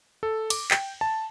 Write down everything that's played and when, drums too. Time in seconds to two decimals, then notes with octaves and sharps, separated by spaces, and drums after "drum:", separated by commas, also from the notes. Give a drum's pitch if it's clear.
0.23 A4
0.50 D6, drum: cymbal
0.71 G5, drum: clap
1.01 A5